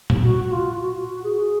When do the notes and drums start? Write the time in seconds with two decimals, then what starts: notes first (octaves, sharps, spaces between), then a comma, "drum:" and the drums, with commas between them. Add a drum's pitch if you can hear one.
0.10 drum: tom A#2
0.23 F#4
0.45 F#4
0.52 F4
0.80 F#4
1.10 F#4
1.24 G#4